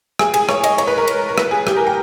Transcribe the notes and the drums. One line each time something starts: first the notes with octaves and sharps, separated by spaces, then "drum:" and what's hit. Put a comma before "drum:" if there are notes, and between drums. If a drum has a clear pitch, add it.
G#4, drum: rim click
G#4, drum: cymbal
C#5, drum: rim click
D#5, drum: cymbal
C#5, drum: cymbal
B4
A#4
drum: cymbal
A#4
B4, drum: rim click
G#4
G4, drum: rim click
A#4
G5